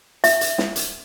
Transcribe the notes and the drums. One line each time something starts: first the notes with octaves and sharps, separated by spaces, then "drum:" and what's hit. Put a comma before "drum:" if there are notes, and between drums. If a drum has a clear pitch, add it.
E5, drum: hi-hat
drum: hi-hat
drum: snare
drum: hi-hat